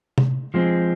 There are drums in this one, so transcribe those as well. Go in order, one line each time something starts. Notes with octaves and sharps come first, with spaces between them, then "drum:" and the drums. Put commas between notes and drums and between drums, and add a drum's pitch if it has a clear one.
drum: tom C3
F3 G#3 C4